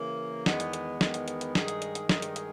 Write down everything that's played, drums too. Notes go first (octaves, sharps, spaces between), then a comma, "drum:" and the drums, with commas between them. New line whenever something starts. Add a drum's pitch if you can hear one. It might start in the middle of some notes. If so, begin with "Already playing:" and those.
Already playing: C#3 E3 A#3
E2 D#3 G#3 B3, drum: snare
drum: hi-hat
drum: hi-hat
E2 D#3 G#3 B3, drum: snare
drum: hi-hat
drum: hi-hat
drum: hi-hat
G2 D#3 G#3 D#4 G#4, drum: snare
drum: hi-hat
drum: hi-hat
drum: hi-hat
G2 D#3 G#3 D#4 G#4, drum: snare
drum: hi-hat
drum: hi-hat